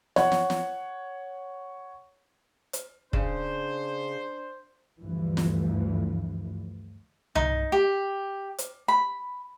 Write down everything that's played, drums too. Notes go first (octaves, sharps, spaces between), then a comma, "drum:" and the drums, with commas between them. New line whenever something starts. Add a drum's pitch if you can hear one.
C#5 F#5, drum: snare
drum: snare
drum: snare
drum: hi-hat
C#3 D4 C5, drum: kick
D2 G2 E3 F3
drum: snare
D#4, drum: tom C2
G4
drum: hi-hat
B5